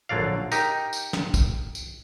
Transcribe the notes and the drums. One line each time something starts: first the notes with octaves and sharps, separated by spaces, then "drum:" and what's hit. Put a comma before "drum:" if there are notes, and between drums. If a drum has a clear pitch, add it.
A#1 D3 F#3 D5 F5
D#4 G4 A#4, drum: tambourine
drum: tambourine
drum: snare
drum: kick, tambourine
drum: tambourine